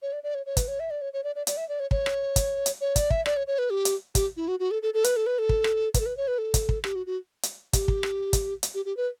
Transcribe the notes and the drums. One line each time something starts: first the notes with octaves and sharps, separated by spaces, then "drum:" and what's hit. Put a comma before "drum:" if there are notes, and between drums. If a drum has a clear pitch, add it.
C#5
D5
D5
C#5
C#5
B4, drum: kick, hi-hat
C#5
E5
D5
C#5
C#5
D5
D5
D5, drum: hi-hat
E5
D5
C#5
C#5, drum: kick
drum: rim click
drum: kick, hi-hat
drum: hi-hat
C#5
D5, drum: kick, hi-hat
E5, drum: kick
D5, drum: rim click
C#5
C#5
B4
G4
drum: hi-hat
G4, drum: kick, hi-hat
E4
F#4
F#4
A4
A4
A4
B4, drum: hi-hat
A4
B4
A4
drum: kick
drum: rim click
B4, drum: kick, hi-hat
A4
B4
C#5
B4
A4
drum: kick, hi-hat
drum: kick
G4, drum: rim click
F#4
F#4
drum: hi-hat
G4, drum: kick, hi-hat
drum: kick
drum: rim click
drum: kick, hi-hat
drum: hi-hat
G4
G4
B4